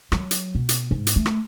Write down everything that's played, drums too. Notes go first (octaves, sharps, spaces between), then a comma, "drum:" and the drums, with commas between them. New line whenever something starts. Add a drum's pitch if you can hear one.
F#3, drum: rim click
drum: hi-hat
B2
drum: hi-hat
G#2
drum: hi-hat
A3
drum: rim click